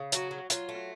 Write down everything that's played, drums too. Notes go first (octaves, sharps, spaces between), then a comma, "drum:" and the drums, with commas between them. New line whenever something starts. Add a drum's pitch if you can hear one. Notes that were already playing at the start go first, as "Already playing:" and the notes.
Already playing: C#3
F#3 F#4, drum: hi-hat
F#3
F#3 F4, drum: hi-hat
A3